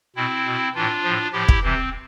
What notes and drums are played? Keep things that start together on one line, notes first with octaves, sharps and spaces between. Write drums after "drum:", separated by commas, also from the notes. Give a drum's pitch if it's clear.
B2 C4 E4
B2
A2 E3 D4 F4
A2 F3
A2 F3 E4 G4
drum: kick
C3 E3 C4